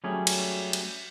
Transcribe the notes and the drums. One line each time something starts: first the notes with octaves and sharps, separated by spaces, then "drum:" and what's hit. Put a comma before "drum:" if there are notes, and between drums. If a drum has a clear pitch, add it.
F#3 G3 A3 C#4 G#4
drum: cymbal
drum: cymbal